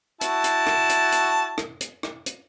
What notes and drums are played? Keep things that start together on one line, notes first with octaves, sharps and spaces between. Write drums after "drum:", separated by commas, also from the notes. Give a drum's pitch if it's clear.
E4 F#4 A5, drum: hi-hat
drum: hi-hat
drum: rim click
drum: hi-hat
drum: hi-hat
drum: rim click
drum: hi-hat
drum: rim click
drum: hi-hat